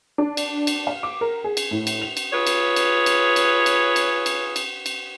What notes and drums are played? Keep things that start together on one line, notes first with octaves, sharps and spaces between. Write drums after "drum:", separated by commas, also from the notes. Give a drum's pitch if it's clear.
D4
drum: cymbal
drum: cymbal
F5
D6
A#4
G#4
drum: cymbal
A2
drum: cymbal
F7
drum: cymbal
F4 G#4 B4 C#5
drum: cymbal
drum: cymbal
drum: cymbal
drum: cymbal
drum: cymbal
drum: cymbal
drum: cymbal
drum: cymbal
drum: cymbal